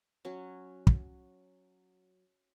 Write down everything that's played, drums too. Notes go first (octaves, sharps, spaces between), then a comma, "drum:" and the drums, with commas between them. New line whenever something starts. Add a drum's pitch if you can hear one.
F#3 C#4
drum: kick